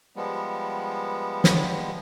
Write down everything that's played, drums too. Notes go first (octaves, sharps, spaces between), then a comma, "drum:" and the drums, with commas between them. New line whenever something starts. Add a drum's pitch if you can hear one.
F3 G3 G#3 B3
drum: snare